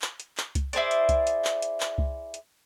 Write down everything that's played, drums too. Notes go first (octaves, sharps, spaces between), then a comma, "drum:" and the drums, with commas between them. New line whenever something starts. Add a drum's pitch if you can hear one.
drum: clap
drum: hi-hat
drum: clap
drum: kick C2, hi-hat
E4 G#4 C5 D5, drum: hi-hat
drum: hi-hat
drum: kick C2, hi-hat
drum: hi-hat
drum: clap
drum: hi-hat
drum: clap
drum: kick C2
drum: hi-hat